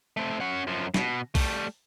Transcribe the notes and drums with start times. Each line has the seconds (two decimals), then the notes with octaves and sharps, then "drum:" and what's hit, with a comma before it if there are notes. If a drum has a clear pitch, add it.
0.17 A3 C4
0.40 C#4 F#5
0.67 F#2 F3
0.94 B2, drum: snare
1.35 G3 A3, drum: kick, open hi-hat